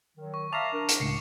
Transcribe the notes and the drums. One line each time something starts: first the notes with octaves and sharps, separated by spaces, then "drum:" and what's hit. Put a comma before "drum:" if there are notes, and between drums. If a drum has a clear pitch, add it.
D#3 F#3
C#6
E5 F5 A5 A#5 D6 A#6 F7
D4 A#4
drum: hi-hat
C#2 A2 C7 C#7